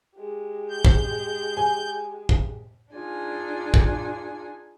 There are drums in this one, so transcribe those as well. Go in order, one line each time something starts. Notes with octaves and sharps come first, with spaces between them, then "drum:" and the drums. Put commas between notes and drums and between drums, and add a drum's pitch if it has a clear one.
G#3 G4
G6
drum: kick
G#5
drum: kick
D4 D#4 F4 G#4 G#5
drum: kick